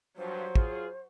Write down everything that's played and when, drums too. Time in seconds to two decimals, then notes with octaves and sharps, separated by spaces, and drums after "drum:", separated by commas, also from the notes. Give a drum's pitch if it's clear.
0.18 G2 F3 F#3 C5
0.55 F4 G#4, drum: kick